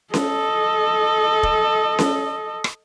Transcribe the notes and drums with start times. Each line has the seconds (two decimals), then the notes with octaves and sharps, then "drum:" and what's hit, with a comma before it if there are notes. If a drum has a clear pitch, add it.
0.14 A4 D#5, drum: snare C#4
1.43 drum: kick E1
1.99 drum: snare C#4
2.64 drum: rim click